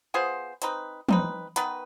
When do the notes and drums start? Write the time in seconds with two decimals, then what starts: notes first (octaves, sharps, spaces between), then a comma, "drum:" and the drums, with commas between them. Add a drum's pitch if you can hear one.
0.14 B3 F4 G#4 C5
0.62 C4 D#4 B4, drum: hi-hat
1.09 C4 D#4 B4, drum: tom
1.56 D#3 B3 D#4 B4, drum: hi-hat